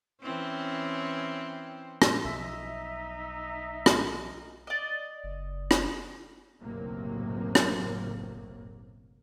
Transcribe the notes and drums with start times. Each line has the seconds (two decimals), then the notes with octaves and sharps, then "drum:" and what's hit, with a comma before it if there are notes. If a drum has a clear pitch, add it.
0.22 E3 C4 C#4
2.02 drum: rim click
2.25 B1 F3 D#4 E5
3.86 drum: rim click
4.67 D5 D#5
5.24 F#1
5.71 drum: rim click
6.62 F#1 B1 A2 C3 F#3 A#3
7.55 drum: rim click